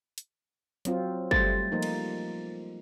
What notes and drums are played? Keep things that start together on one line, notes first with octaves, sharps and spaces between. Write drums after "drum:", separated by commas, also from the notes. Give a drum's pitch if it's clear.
drum: hi-hat
F#3 C4 F4, drum: hi-hat
G3 A3 C5 A6, drum: kick
F3 A#3 D#4
drum: cymbal